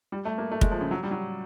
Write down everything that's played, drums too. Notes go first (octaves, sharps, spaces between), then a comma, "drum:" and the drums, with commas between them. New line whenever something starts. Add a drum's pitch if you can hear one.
G3
A3
A#3
A3
G#3, drum: kick
F3
C#3
F#3
G3
F#3